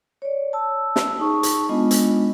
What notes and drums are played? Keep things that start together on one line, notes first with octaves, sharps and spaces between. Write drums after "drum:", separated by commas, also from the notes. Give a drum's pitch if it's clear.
C#5 D5
A5 E6
drum: snare
D#4 G#4 A5 C#6
drum: hi-hat
G#3 B3 D4 F4 D#5
drum: hi-hat